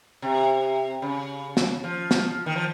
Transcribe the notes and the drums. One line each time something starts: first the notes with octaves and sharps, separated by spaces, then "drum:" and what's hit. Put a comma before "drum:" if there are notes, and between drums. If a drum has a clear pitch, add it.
C3
C#3
drum: snare
F3
drum: snare
D#3
F3